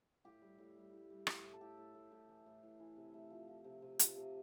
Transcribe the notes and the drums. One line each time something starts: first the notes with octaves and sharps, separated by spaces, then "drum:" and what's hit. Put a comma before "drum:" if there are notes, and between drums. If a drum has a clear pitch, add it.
A2 G4
G3
A2
G3
A2
G3
A2, drum: rim click
A2
A4
A2 G4
A2
A2
A2
E3
A2
A2
E3
C3
A3
F3
F3
C3
C3
F3, drum: hi-hat
C3